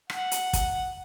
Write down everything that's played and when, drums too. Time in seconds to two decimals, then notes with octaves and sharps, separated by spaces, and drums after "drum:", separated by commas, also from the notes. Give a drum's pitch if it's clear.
0.10 F#5, drum: rim click
0.31 drum: hi-hat
0.53 drum: kick, hi-hat